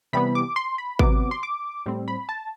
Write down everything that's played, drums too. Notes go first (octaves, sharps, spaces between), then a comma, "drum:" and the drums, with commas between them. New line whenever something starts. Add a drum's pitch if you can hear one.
C3 E3 G3 B3 B5
D6
C6
B5
C3 F#3 B3 D6, drum: kick G#1
C6
D6
A2 G3 C4
B5
A5